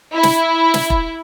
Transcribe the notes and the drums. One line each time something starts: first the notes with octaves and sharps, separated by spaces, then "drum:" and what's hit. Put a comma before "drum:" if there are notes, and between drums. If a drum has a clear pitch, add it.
E4
drum: snare
drum: snare
drum: kick E1